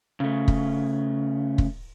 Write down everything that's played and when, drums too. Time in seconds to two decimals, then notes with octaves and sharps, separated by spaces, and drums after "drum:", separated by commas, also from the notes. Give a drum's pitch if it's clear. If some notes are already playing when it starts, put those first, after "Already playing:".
0.20 C#3 A3
0.48 drum: kick
1.58 drum: kick